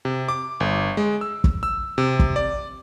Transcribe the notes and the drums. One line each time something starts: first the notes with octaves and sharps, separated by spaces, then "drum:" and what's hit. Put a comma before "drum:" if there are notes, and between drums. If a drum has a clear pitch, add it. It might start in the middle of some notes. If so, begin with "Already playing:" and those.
C3
D6
G1
G#3
E6
drum: kick
E6
C3
drum: kick
D5